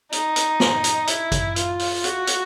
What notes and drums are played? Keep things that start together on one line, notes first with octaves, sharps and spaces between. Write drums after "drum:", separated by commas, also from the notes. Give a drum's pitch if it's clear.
D#4, drum: hi-hat
drum: hi-hat
drum: snare
drum: hi-hat
E4, drum: hi-hat
drum: kick G#1, hi-hat
F4, drum: hi-hat
drum: open hi-hat
F#4, drum: hi-hat
drum: hi-hat